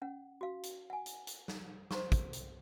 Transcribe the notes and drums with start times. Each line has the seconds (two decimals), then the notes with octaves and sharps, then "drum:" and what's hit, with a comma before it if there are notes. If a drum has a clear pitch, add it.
0.02 C#4 F#5
0.41 F#4 F5
0.63 drum: hi-hat
0.90 F#5 G#5
1.06 drum: hi-hat
1.27 drum: hi-hat
1.48 drum: snare
1.91 C5 A#5 C6 C#6, drum: snare
2.12 drum: kick, hi-hat
2.33 drum: hi-hat